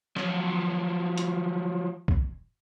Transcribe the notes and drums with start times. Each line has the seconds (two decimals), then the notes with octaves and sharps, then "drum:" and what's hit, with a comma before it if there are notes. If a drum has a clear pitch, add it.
0.17 F3 F#3, drum: snare
1.18 drum: hi-hat
2.08 drum: kick